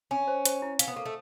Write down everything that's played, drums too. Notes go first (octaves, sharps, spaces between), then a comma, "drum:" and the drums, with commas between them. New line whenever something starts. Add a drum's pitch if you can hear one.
C#4 G#5
C5
C5, drum: hi-hat
E4
C#4 F5, drum: hi-hat
B3
A#3 A4
A3